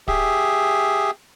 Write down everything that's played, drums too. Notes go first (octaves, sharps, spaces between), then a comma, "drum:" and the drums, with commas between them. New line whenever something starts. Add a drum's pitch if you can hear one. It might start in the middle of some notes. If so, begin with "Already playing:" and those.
G4 G#4 E5, drum: kick